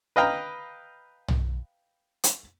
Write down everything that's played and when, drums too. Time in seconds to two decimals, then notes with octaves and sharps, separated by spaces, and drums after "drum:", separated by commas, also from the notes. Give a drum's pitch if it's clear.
0.16 B4 D#5 F5 G5 A#5
1.28 drum: tom
2.24 drum: hi-hat